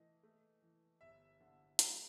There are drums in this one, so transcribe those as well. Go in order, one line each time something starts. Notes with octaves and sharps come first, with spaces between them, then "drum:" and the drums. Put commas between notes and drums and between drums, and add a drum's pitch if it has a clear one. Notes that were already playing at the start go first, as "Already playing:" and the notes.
Already playing: E3 A3 D#5
A3
E3
G1 E5
D3
G#3, drum: hi-hat